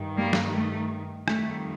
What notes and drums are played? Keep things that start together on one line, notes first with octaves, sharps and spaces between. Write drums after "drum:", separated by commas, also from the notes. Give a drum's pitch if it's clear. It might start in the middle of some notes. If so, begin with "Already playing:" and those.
Already playing: G2 D#3
G3 A#3
drum: snare
A3
F2 D#3 G3 A3, drum: rim click